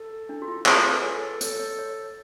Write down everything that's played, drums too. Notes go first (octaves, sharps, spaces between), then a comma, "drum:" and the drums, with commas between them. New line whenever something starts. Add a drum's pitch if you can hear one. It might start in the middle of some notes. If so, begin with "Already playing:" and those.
Already playing: A4
D4
F#4
F4
F4 G#4, drum: clap
A4
B4
A4 C#5
A4 C#5, drum: hi-hat
C#5
C#5